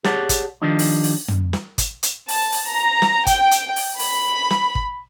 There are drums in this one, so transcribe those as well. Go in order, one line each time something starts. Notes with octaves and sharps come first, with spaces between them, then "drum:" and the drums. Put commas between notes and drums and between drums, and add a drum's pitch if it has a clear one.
G4 G#4 C#5 D5 F#5 A5, drum: snare
drum: kick, hi-hat
D#3 F3 G3 D4 D#4
drum: open hi-hat
drum: open hi-hat
drum: tom
drum: snare
drum: kick, hi-hat
drum: hi-hat
A5, drum: open hi-hat
drum: open hi-hat
A#5
drum: snare
G5, drum: kick, hi-hat
drum: hi-hat
drum: open hi-hat
B5, drum: open hi-hat
drum: snare
drum: kick